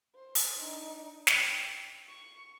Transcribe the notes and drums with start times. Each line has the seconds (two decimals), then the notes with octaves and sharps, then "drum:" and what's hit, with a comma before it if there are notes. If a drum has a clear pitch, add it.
0.15 C5
0.35 drum: open hi-hat
0.58 D4 D#4
1.27 G5, drum: snare
2.08 C#6